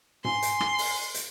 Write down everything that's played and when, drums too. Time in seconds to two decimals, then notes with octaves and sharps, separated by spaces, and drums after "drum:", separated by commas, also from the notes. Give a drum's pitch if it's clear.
0.25 G#5 C6, drum: tom G#2
0.42 drum: hi-hat
0.60 drum: rim click
0.78 drum: open hi-hat
1.14 drum: hi-hat